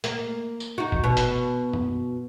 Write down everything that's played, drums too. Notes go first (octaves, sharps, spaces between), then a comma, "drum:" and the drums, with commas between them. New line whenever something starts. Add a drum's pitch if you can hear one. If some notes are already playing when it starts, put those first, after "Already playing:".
A#3, drum: hi-hat
drum: tambourine
D#4 F#4
drum: kick
B2
drum: hi-hat
drum: tom F#2